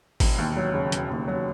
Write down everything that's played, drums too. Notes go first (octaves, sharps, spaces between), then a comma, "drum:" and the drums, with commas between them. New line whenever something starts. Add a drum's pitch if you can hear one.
E1, drum: kick G#1, open hi-hat
D#2
F#3
C#3
E1, drum: hi-hat
D#2
F#3